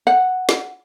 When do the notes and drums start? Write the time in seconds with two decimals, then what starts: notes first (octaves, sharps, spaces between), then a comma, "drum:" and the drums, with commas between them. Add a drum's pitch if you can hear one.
0.07 F#5
0.49 drum: snare